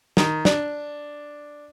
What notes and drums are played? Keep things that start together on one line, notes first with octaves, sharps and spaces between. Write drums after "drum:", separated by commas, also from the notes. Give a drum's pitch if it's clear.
D#3, drum: snare
D4, drum: snare